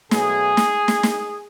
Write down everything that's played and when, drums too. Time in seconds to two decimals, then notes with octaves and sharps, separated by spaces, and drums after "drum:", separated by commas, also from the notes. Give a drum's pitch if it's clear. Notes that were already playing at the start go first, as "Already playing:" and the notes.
0.11 B2 F#3 A3 G#4, drum: snare
0.57 drum: snare
0.88 drum: snare
1.03 drum: snare